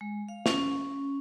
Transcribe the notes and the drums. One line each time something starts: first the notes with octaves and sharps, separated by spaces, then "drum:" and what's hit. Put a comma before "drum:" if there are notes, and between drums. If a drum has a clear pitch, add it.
G#3
F5
C#4, drum: snare